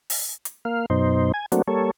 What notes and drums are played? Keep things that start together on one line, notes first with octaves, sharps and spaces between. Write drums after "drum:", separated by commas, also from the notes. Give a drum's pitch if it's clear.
drum: open hi-hat
drum: hi-hat
A#3 F5
F#2 B2 D#4 C5
G#5
F#3 A3 A#3 C4 D4 F#4, drum: hi-hat
G3 A#3 A4 C#5